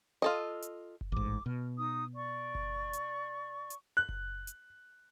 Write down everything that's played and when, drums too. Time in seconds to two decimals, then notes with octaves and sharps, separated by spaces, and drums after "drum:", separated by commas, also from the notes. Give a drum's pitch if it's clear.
0.22 F4 A4 D#5
0.62 drum: hi-hat
1.01 drum: kick F#1
1.12 A1 G#2 D6
1.46 B2 F6
1.78 D#4 D#6
2.15 D5 C#6
2.55 drum: kick F#1
2.93 drum: hi-hat
3.70 drum: hi-hat
3.97 F#6
4.09 drum: kick F#1
4.47 drum: hi-hat